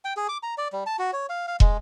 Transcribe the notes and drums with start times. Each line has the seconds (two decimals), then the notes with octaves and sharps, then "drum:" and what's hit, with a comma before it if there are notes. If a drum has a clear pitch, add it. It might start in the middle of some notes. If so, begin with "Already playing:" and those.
0.05 G5
0.17 G#4
0.29 D6
0.43 A#5
0.58 D5
0.73 G3
0.86 A5
0.99 F#4
1.13 C#5
1.29 F5
1.48 F5
1.60 G#3, drum: kick